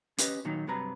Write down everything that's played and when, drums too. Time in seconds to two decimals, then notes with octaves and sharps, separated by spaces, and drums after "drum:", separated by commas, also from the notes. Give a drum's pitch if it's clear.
0.18 C#4 G4 B4 D#5, drum: hi-hat
0.45 A#2 D#3 F#3 D#4
0.67 G2 C3 F#3 B4 A#5